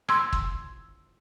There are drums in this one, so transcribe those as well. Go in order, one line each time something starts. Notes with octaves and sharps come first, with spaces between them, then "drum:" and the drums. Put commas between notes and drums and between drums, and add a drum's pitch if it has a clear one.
C6 E6 G#6, drum: rim click
drum: kick